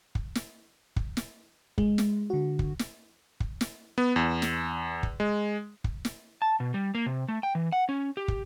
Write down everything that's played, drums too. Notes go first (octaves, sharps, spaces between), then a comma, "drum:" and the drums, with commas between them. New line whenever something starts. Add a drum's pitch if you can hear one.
drum: kick
drum: snare
drum: kick
drum: snare
G#3, drum: kick
drum: snare
D3 F#4
drum: kick
drum: snare
drum: kick
drum: snare
B3
E2
drum: snare
drum: kick
G#3
drum: kick
drum: snare
A5
B2
G3
A#3
C3
A3
G5
E3
F#5
C#4
G4
drum: kick